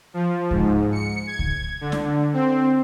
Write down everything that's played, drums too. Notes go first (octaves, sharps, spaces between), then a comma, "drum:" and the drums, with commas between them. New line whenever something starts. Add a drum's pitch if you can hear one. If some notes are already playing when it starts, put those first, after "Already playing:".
F3
G#2, drum: kick C#2
C#7
G#6
drum: kick C#2
D3
drum: snare
C4